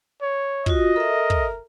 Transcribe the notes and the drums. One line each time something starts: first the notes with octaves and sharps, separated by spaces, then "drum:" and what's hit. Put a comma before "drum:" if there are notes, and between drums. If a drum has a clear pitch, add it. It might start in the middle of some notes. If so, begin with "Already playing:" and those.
C#5
F4 F#4 D#5, drum: kick
A4 A#4 E5
drum: kick